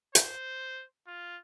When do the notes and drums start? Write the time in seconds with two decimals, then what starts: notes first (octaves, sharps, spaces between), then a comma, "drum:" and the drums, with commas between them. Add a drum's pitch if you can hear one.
0.15 C5, drum: hi-hat
1.08 F4